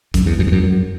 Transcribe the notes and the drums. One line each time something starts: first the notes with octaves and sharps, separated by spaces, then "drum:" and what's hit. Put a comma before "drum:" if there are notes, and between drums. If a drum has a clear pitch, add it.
F#2, drum: kick, hi-hat
E2
F#2
E2
F#2
F#2